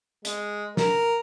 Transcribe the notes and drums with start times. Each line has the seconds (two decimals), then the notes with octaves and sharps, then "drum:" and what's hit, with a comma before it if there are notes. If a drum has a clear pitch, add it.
0.25 G#3, drum: hi-hat
0.77 A#4, drum: snare